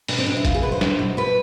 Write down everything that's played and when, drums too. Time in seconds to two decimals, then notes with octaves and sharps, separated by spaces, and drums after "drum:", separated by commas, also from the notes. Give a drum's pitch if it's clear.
0.08 B2 D4, drum: open hi-hat
0.18 C4
0.26 B2 D4
0.37 E4
0.45 B2 F4, drum: kick, hi-hat
0.54 G#4
0.63 B2 B4
0.72 C5
0.81 B2, drum: snare
0.99 B2
1.17 F3 B4